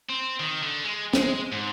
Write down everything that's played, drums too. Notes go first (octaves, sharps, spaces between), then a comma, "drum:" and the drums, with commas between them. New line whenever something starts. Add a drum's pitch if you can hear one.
C4
D#3
D3
G#3
G#3, drum: snare
G#2